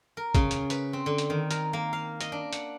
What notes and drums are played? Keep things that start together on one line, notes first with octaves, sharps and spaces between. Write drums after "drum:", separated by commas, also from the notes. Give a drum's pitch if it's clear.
A#4
C#3, drum: kick, hi-hat
drum: hi-hat
B4, drum: hi-hat
C4
D3
drum: hi-hat
D#3
A#4, drum: hi-hat
A#3
F5
D#5, drum: hi-hat
D4
F#5, drum: hi-hat